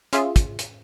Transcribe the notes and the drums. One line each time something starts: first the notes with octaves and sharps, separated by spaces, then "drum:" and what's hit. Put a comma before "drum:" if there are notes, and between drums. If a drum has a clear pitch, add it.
C#4 F4 G#4 E5 C6, drum: hi-hat
drum: kick, hi-hat
drum: hi-hat